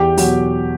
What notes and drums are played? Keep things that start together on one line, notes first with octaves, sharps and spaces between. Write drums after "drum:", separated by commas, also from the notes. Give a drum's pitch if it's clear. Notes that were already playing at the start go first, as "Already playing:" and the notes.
Already playing: E2 G4 G5
B2 F#3, drum: open hi-hat